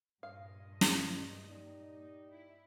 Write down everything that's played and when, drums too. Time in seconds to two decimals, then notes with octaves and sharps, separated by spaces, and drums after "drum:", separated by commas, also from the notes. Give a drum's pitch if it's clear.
0.23 G2 A#2 D#5 F5
0.81 drum: snare
1.47 D#4 G4 D5
2.28 E4